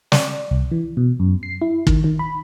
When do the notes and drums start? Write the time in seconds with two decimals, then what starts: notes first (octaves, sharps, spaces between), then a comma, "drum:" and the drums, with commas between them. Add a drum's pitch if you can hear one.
0.12 D5, drum: snare
0.51 C2
0.72 E3
0.97 B2
1.20 F#2
1.43 C7
1.62 E4
1.87 D#3, drum: kick
2.04 D#3
2.19 B5